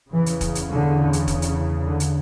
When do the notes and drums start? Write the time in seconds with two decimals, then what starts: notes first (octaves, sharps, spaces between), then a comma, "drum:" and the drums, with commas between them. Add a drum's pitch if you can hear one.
0.11 E2 C#3 E3
0.26 drum: hi-hat
0.41 drum: kick, hi-hat
0.55 drum: hi-hat
0.70 D3
1.13 drum: hi-hat
1.28 drum: kick, hi-hat
1.42 drum: hi-hat
1.86 D3
2.00 drum: hi-hat